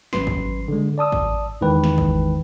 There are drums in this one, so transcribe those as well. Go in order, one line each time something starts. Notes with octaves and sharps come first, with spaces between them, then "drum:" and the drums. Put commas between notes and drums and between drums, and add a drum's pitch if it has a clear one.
G#1 F#3 C#4 B4 C6 C7, drum: snare
drum: kick G#1
D3 G#3
D5 A5 D#6 E6
drum: kick G#1
E2 D#3 E3 G#3 B4 G5
drum: snare
drum: kick G#1